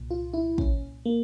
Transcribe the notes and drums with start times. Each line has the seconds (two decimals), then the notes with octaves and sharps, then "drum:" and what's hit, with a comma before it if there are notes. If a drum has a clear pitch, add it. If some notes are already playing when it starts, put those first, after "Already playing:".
Already playing: C2 A#2
0.11 F4
0.34 E4
0.58 C#4, drum: kick
1.06 A#3